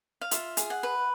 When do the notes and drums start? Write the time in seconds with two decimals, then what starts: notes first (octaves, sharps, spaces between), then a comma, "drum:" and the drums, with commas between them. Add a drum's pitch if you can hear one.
0.21 F5
0.31 F4 E5, drum: hi-hat
0.57 G#4, drum: hi-hat
0.70 F#5
0.83 B4